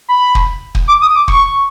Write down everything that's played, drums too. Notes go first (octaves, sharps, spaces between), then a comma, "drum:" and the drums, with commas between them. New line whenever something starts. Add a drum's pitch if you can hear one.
B5
drum: kick
drum: kick
D6
D#6
D6
C#6, drum: kick